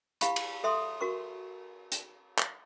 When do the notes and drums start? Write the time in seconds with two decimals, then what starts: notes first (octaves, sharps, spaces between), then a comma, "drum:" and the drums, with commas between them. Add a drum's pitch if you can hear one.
0.21 E4 G4 F5 B5 C#6, drum: hi-hat
0.36 drum: cymbal
0.64 A4 E5 C6 D#6
1.01 F#4 A#4 C#6
1.92 drum: hi-hat
2.38 drum: clap